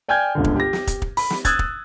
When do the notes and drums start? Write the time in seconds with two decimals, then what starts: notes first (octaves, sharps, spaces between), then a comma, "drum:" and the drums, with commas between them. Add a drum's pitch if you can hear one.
0.08 D5 G5 G#5 F6 G6 G#6
0.35 G1 C#2 D3
0.44 drum: kick
0.56 G4 A#6
0.73 drum: snare
0.87 drum: kick, hi-hat
1.02 drum: kick
1.17 B5, drum: open hi-hat
1.30 drum: snare
1.45 D#6 E6 F#6 G#6 A6, drum: kick, hi-hat
1.59 drum: kick